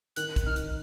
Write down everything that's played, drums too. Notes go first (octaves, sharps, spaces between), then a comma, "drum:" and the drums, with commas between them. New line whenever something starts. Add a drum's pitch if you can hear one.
D#3 F#6, drum: hi-hat
drum: kick, hi-hat
D#4 F6
drum: hi-hat